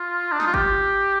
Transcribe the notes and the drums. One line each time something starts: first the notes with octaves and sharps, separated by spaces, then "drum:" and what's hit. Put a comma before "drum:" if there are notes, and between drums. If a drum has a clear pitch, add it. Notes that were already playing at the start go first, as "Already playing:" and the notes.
Already playing: F4
D4
D#4, drum: snare
F4
G4, drum: kick G1